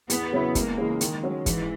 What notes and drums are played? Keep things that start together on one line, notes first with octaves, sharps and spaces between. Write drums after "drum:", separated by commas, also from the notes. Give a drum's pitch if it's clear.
E2 B3, drum: hi-hat
C#3 F#3 C#4 E4
C#2 A#3, drum: kick, hi-hat
C#3 E3 G#3
D#3 G#3, drum: hi-hat
F#3 C#4
G#2 E3, drum: kick, hi-hat